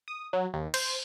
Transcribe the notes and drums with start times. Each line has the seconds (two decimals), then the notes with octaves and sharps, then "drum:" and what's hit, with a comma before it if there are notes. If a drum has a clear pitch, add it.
0.08 D#6
0.33 F#3
0.54 D#2
0.74 C5, drum: cymbal